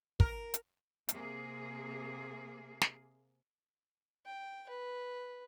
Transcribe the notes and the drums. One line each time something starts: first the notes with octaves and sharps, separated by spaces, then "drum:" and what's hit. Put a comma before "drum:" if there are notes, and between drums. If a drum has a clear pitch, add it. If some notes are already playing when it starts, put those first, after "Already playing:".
A#4, drum: kick
drum: hi-hat
C3 A#3 G#4, drum: hi-hat
drum: snare
G5
B4